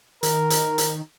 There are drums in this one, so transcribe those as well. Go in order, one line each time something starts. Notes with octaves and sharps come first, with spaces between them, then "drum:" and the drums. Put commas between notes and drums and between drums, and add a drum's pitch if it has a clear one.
D#3 A#4, drum: hi-hat
drum: hi-hat
drum: hi-hat